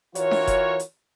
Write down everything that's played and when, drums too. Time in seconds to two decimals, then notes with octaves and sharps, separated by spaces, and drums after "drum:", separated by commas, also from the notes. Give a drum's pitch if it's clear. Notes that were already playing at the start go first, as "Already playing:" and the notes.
0.15 E3 F4 F#4 A#4 C#5, drum: hi-hat
0.31 drum: snare D4
0.47 drum: kick F1, hi-hat
0.80 drum: hi-hat